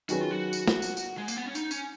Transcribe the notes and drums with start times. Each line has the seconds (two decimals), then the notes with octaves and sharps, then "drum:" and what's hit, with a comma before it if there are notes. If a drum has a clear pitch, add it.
0.09 D#3 F#3 C#4 F#4 G#4 B4, drum: tambourine
0.21 F4
0.31 F#4
0.53 drum: tambourine
0.67 drum: snare
0.82 drum: tambourine
0.97 drum: tambourine
1.18 G#3
1.28 A#3, drum: tambourine
1.36 B3
1.46 C#4
1.55 D#4, drum: tambourine
1.71 C#4, drum: tambourine